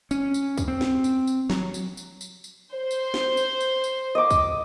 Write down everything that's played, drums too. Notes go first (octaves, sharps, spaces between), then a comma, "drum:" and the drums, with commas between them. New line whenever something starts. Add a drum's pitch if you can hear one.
C#4, drum: tambourine
drum: tambourine
drum: kick C#2, tambourine
C4
drum: snare
drum: tambourine
drum: tambourine
F#3, drum: snare
drum: tambourine
drum: tambourine
drum: tambourine
drum: tambourine
C5
drum: tambourine
drum: snare
drum: tambourine
drum: tambourine
drum: tambourine
D#5 D6
drum: kick C#2, tambourine